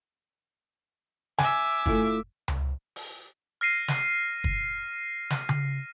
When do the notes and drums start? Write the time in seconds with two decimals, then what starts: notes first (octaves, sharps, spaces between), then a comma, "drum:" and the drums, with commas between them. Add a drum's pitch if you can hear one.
1.39 E5 G#5 D6, drum: snare
1.86 A3 E4 F4, drum: kick
2.48 drum: tom C#2
2.96 drum: open hi-hat
3.61 F6 A#6 C7 D#7
3.88 drum: snare
4.44 drum: kick
5.30 drum: snare
5.49 drum: tom C#3